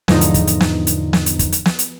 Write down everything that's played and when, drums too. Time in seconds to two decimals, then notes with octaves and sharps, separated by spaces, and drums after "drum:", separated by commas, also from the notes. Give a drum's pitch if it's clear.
0.08 E2 G#2 D3 F3 D#4, drum: snare
0.21 drum: hi-hat
0.34 drum: kick, hi-hat
0.47 drum: hi-hat
0.60 drum: snare
0.87 drum: hi-hat
1.13 drum: snare
1.26 drum: hi-hat
1.39 drum: kick, hi-hat
1.52 drum: hi-hat
1.66 drum: snare
1.79 drum: hi-hat